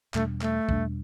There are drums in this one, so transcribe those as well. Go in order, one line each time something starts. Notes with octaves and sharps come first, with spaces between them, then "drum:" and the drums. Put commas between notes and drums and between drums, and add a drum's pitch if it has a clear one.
E2 B2 G3 A3 D4, drum: clap
A3, drum: clap
E2 B2 G3 D4, drum: kick